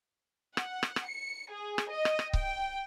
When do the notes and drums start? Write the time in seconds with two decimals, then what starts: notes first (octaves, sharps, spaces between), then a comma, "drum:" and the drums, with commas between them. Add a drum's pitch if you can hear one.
0.57 F#5, drum: rim click
0.83 drum: rim click
0.96 drum: rim click
1.07 C#7
1.51 G#4
1.78 drum: rim click
1.90 D#5
2.05 drum: rim click
2.19 drum: rim click
2.33 G5, drum: kick C#1